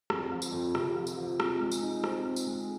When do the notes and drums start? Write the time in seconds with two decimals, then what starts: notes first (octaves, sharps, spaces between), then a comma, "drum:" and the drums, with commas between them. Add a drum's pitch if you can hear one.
0.10 F2, drum: rim click
0.32 F3
0.42 drum: tambourine
0.52 F2
0.75 C3, drum: rim click
0.96 F3
1.07 drum: tambourine
1.17 F3
1.40 C4, drum: rim click
1.61 G#3
1.72 drum: tambourine
1.82 D#4
2.04 C4, drum: rim click
2.25 C4
2.36 drum: tambourine
2.47 G#3